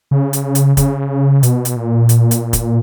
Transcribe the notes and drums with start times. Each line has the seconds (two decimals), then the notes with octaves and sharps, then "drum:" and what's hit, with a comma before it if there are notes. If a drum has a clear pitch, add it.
0.11 C#3
0.33 drum: hi-hat
0.55 drum: hi-hat
0.77 C#3, drum: kick, hi-hat
1.43 B2, drum: hi-hat
1.65 drum: hi-hat
1.76 A#2
2.09 drum: hi-hat
2.31 drum: hi-hat
2.53 drum: kick, hi-hat